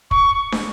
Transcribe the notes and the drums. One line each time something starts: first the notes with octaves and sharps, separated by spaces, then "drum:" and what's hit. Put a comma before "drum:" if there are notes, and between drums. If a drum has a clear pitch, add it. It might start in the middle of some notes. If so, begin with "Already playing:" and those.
C#6, drum: kick
drum: snare